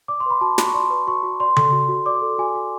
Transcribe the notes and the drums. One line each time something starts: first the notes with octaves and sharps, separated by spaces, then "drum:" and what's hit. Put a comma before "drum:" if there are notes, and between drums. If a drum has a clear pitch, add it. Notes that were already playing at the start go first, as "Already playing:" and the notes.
D5 D6
C6
B4 B5
F#4 A5
F#4 B5, drum: snare
C#6
D5 C6
B4
F#4 C#6
F#4
D5 C6
A4 C6, drum: tom C#3
F#4
F#4
D5 D6
A4
F#4 G#5
F#4